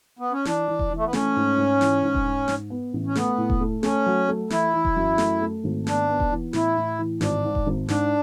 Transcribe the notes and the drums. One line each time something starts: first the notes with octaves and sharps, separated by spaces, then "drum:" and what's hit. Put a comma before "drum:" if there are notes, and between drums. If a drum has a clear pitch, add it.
B3
C#4
E3 D4, drum: snare
E3
drum: kick E1
E3
A3
B3
A3 C#4, drum: snare
G#2
G#2
E3, drum: snare
G#2
drum: kick E1
G#2
G#2, drum: snare
B3
A1
C#4
A3 B3, drum: snare
A2
drum: kick E1
A3
A3 C#4, drum: snare
F#3
A3
E3 E4, drum: snare
E3
drum: kick E1
F#2
A3, drum: snare
A3
G#1
B3 D4, drum: snare
B3
drum: kick E1
E3
A2 E4, drum: snare
A2
E3
G#1 D4, drum: snare
G#2
drum: kick E1
G#1
G#2 D4, drum: snare